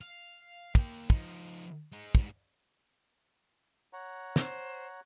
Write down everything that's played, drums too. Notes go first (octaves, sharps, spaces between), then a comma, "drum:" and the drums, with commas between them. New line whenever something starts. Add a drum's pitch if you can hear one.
F5
A#3 G5, drum: kick
F3 D#4, drum: kick
G#3 D#4
G#2 G3, drum: kick
C#5 F#5 A#5
C5, drum: snare